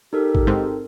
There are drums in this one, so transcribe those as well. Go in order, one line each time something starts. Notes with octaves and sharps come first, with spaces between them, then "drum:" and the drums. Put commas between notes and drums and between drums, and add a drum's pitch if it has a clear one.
D#4 G4 A4 A#4
drum: kick A1
G#2 C4